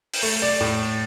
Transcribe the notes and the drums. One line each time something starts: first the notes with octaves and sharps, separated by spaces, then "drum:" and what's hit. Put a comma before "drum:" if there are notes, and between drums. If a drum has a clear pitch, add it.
drum: open hi-hat
A3
D5
A2